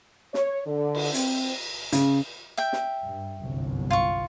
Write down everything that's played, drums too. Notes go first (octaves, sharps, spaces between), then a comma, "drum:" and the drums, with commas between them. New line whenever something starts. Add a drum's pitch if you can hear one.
C#5, drum: snare
D3
drum: cymbal
C4, drum: hi-hat
C#3, drum: hi-hat
E5 G5
drum: snare
G2
G1 C2 F#2
F4 C#6